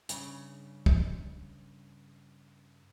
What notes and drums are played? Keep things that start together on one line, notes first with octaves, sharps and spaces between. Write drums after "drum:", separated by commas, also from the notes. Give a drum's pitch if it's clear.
G2 C#3, drum: hi-hat
drum: kick